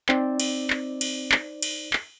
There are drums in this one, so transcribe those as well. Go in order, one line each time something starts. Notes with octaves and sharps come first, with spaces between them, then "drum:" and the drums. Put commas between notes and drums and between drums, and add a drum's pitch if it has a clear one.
C4 D#4 C5 D5, drum: clap
drum: cymbal
drum: clap
drum: cymbal
drum: clap
drum: cymbal
drum: clap